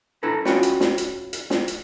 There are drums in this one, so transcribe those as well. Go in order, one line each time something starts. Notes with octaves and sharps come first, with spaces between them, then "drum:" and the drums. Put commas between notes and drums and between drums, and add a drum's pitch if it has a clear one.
D4 E4 A4 B4 A5 A#5
C#4 F4 F#4 B4 C#5 G5, drum: snare
drum: hi-hat
drum: snare
drum: hi-hat
drum: hi-hat
drum: snare
drum: hi-hat